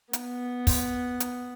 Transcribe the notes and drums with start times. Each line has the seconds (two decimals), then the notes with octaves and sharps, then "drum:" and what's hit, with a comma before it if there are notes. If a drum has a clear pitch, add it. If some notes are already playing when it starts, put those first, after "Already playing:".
0.13 B3, drum: hi-hat
0.67 drum: kick, open hi-hat
1.20 drum: hi-hat